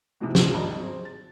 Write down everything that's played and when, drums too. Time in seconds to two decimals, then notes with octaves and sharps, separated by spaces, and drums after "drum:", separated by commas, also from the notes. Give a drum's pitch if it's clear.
0.20 G#2 C3 E3 F3 G#3 F#4
0.35 F2 F3 F#3 F#4, drum: snare
0.54 G#1 G3 D#5 A5 A#5
0.78 F#3 C4 G#4
1.05 A6